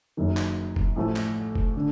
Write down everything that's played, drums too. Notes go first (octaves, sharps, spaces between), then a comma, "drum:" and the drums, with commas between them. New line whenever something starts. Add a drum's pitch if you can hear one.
F#1 F#2 D#3
drum: clap
drum: kick F1
A1 A2 F3 A3
drum: clap
drum: kick F1
D3